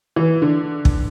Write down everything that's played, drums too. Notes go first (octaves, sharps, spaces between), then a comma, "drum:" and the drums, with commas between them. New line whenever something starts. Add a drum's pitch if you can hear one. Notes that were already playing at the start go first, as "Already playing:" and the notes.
E3
D3
drum: kick